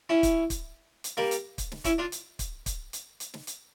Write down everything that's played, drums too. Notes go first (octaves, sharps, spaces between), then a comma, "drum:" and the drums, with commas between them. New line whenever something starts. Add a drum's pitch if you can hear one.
C#4 E4
drum: kick, hi-hat
drum: kick, hi-hat
drum: hi-hat
G3 A#3, drum: snare
drum: hi-hat
drum: kick, hi-hat
drum: snare
C#4 E4, drum: kick, hi-hat
D4 F4
drum: hi-hat
drum: kick, hi-hat
drum: kick, hi-hat
drum: hi-hat
drum: hi-hat
drum: snare
drum: hi-hat